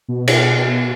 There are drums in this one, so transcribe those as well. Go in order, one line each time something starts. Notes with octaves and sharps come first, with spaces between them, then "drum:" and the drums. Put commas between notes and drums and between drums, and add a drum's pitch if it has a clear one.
B2
drum: cymbal